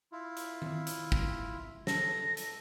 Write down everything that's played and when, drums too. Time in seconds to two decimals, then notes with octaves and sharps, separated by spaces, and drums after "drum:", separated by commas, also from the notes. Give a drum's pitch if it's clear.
0.12 E4 F4
0.37 drum: hi-hat
0.62 drum: tom D#3
0.87 drum: hi-hat
1.12 drum: kick
1.87 A4 A#6, drum: snare
2.37 drum: hi-hat